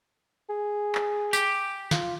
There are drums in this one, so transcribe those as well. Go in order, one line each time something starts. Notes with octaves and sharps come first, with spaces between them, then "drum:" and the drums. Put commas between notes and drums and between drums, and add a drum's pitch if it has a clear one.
G#4
drum: clap
G4, drum: tambourine
F4, drum: snare